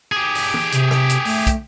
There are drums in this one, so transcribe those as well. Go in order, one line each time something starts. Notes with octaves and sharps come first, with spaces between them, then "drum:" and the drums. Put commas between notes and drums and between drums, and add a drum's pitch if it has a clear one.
G4 G#4
drum: open hi-hat
drum: tom
C3, drum: hi-hat
drum: rim click
drum: hi-hat
A3, drum: open hi-hat
drum: kick, hi-hat